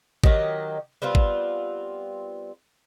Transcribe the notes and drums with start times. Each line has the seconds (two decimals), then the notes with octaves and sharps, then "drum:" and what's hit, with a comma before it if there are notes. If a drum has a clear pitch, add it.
0.24 D#3 F#3 G4 D#5, drum: kick G#1
1.02 G3 B3 C4 F4
1.15 drum: kick G#1